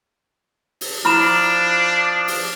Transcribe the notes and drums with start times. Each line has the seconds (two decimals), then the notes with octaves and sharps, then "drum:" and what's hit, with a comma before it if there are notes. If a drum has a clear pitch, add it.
0.81 drum: open hi-hat
1.05 F3 D4 E4 A#5 B5 F6 E7
2.28 drum: open hi-hat